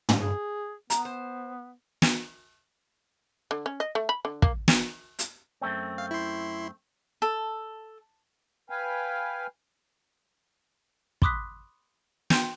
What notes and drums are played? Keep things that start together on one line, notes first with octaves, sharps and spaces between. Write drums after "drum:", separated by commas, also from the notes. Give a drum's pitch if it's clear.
drum: tom
G#4
B3 A#5, drum: hi-hat
C5
drum: snare
D3
C#4
D#5
A3
B5
D3
A#3, drum: kick
drum: snare
drum: hi-hat
F#2 A3 C4
F5
E4 C6
A4
B4 F5 G5 G#5
B5 C6 D6 D#6 F#6 B6, drum: kick
G5 C6 G6, drum: snare